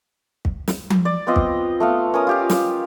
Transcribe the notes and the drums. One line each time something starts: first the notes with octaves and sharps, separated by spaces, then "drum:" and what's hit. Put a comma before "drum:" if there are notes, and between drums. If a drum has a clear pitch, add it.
drum: kick
drum: snare
drum: tom F3
D5
B3 C4 F4 D#5
drum: kick
A3 B3 F5
C#4 A#4 D#6
F4 G4 F5
drum: snare